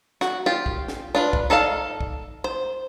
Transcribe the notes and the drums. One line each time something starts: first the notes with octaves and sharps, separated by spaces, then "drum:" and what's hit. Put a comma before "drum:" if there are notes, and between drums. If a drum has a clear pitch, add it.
F#4, drum: snare
F4 G4
drum: kick
drum: snare
D4 F4 B4
drum: kick
D#4 A4 D5 F5
drum: kick
C5